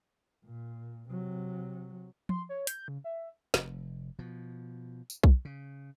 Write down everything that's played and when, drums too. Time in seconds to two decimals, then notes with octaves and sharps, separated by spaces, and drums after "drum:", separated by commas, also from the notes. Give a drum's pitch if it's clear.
0.45 A#2
1.09 C3 F#3
2.29 C6, drum: tom F3
2.49 C#5
2.67 G6, drum: hi-hat
2.88 C#3
3.04 E5
3.54 F1, drum: snare
4.19 B2 F3
5.10 drum: tambourine
5.24 drum: kick B1
5.45 C#3